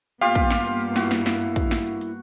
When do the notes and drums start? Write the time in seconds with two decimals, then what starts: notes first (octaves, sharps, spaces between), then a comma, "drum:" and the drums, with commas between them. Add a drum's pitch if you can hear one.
0.21 G2 A#3 B3 F4 G4 F5
0.35 drum: kick, hi-hat
0.51 drum: snare
0.66 drum: hi-hat
0.81 drum: hi-hat
0.96 E4 F#4, drum: snare
1.11 drum: snare
1.26 drum: snare
1.41 drum: hi-hat
1.56 drum: kick, hi-hat
1.71 drum: snare
1.86 drum: hi-hat
2.01 drum: hi-hat